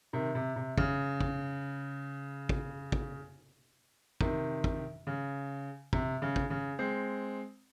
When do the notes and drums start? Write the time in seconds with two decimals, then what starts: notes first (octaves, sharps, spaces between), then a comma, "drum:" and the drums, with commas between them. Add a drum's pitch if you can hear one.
0.13 C3 D#3
0.35 C3
0.56 C3
0.78 C#3, drum: kick
1.21 drum: kick
2.49 drum: kick
2.92 drum: kick
4.21 C3 D#3, drum: kick
4.64 drum: kick
5.07 C#3
5.93 C3, drum: kick
6.22 C#3
6.36 drum: kick
6.50 C#3
6.79 G#3 C4